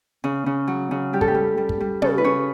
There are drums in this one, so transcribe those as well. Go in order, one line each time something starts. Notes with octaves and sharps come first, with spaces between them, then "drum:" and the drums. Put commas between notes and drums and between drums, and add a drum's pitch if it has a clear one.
C#3
C#3
F#3
C#3
G3 G4
A4, drum: kick
G4
G3
G3
drum: kick
G3
C#3 A4, drum: tom
B4
C#3 C#5